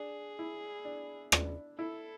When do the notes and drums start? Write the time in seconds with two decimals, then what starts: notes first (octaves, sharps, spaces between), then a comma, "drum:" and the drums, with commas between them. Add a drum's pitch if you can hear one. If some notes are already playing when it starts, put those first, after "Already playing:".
Already playing: D4 G#4
0.39 E4
0.85 D4
1.32 D4, drum: rim click
1.78 E4 A4